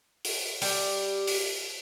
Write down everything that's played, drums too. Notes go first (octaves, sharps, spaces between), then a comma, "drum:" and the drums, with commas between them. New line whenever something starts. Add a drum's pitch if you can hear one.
drum: open hi-hat
G3, drum: open hi-hat
drum: open hi-hat